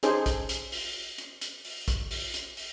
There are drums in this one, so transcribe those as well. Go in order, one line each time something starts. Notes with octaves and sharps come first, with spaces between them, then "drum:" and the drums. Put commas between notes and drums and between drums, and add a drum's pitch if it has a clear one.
C#4 D#4 G#4 A4 C5, drum: hi-hat
drum: kick, hi-hat
drum: hi-hat
drum: open hi-hat
drum: hi-hat
drum: hi-hat
drum: open hi-hat
drum: kick, hi-hat
drum: open hi-hat
drum: hi-hat
drum: open hi-hat